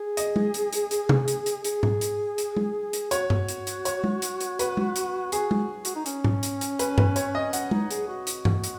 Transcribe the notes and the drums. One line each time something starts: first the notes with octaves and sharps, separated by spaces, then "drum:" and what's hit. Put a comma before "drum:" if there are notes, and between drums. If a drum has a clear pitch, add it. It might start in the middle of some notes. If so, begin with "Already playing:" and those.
Already playing: G#4
D#5, drum: hi-hat
drum: tom G#3
drum: hi-hat
drum: hi-hat
drum: hi-hat
drum: tom C3
drum: hi-hat
drum: hi-hat
G#4, drum: hi-hat
drum: tom G#2
drum: hi-hat
drum: hi-hat
drum: tom G#3
drum: hi-hat
F#4 C#5, drum: hi-hat
drum: tom G2
drum: hi-hat
drum: hi-hat
C#5, drum: hi-hat
drum: tom G#3
drum: hi-hat
drum: hi-hat
B4, drum: hi-hat
drum: tom G#3
drum: hi-hat
F#4 G#4, drum: hi-hat
drum: tom G#3
F#4, drum: hi-hat
D#4
C#4, drum: hi-hat
drum: tom G#2
drum: hi-hat
drum: hi-hat
B4, drum: hi-hat
B4, drum: tom G2
C#5, drum: hi-hat
D#5
C#4 F#5, drum: hi-hat
D#4, drum: tom G#3
G#4, drum: hi-hat
F#4
drum: hi-hat
drum: tom G2
drum: hi-hat